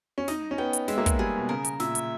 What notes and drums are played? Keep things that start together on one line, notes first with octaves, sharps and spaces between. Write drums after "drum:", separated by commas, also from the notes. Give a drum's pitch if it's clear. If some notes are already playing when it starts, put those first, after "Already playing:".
C#4
D#4 D#5, drum: snare
C#4
B3 G5
drum: hi-hat
G#3 E5, drum: snare
A#3
G#3, drum: kick, hi-hat
G3 G#4
B2
C#3 A#4
drum: hi-hat
A#2 E5, drum: snare
drum: hi-hat